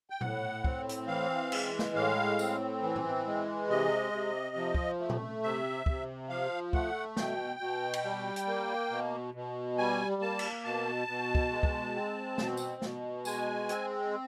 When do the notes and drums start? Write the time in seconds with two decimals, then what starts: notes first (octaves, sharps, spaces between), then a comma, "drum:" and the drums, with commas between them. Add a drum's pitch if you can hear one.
0.10 G5
0.21 A2 F#5, drum: tom A#2
0.64 C4, drum: kick
0.89 drum: hi-hat
1.07 E3 F5
1.52 G#3, drum: cymbal
1.79 drum: snare
1.94 A2 F5
2.39 C4, drum: tambourine
2.82 E3
2.96 drum: tom A2
3.26 G#3
3.68 C3 D#5
4.13 C3
4.56 F3
4.75 drum: kick
5.00 A3
5.10 drum: tom A#2
5.43 C3 E5
5.86 C3, drum: kick
6.29 F3 F5
6.73 A3 F#5, drum: kick
7.17 B2 G5, drum: snare
7.60 B2
7.93 drum: cymbal
8.04 G3
8.36 drum: hi-hat
8.47 A#3
8.90 B2
9.34 B2
9.78 G3 G#5
10.22 A#3 A5
10.39 drum: cymbal
10.65 B2 A5
11.08 B2
11.35 drum: kick
11.51 G#3
11.63 drum: kick
11.96 C4
12.38 B2, drum: snare
12.57 drum: tambourine
12.82 B2, drum: snare
13.25 G#3 G#5, drum: tambourine
13.69 C4, drum: hi-hat